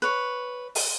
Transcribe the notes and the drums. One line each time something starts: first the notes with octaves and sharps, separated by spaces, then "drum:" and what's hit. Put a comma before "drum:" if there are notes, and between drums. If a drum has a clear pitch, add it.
B4 C#5
drum: open hi-hat